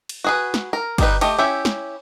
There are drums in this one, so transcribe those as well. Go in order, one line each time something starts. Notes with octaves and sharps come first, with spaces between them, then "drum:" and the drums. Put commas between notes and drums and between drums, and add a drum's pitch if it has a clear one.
drum: cymbal
F#4 G#4 B4
drum: snare
A#4
G3 D#4 B4, drum: kick, cymbal
A3 G4 D#5, drum: cymbal
C#4 E4 G4 E5
drum: snare